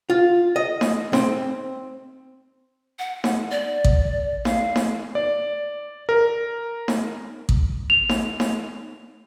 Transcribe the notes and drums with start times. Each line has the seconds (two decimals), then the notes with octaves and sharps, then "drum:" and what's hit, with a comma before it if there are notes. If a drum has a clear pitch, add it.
0.10 F4
0.56 D#5
0.81 drum: snare D#4
1.13 C4, drum: snare D#4
2.99 F#5
3.24 drum: snare D#4
3.51 D5
3.84 drum: kick A1
4.45 F5, drum: snare D#4
4.76 drum: snare D#4
5.15 D5
6.09 A#4
6.88 drum: snare D#4
7.49 drum: kick A1
7.90 F7
8.09 drum: snare D#4
8.40 drum: snare D#4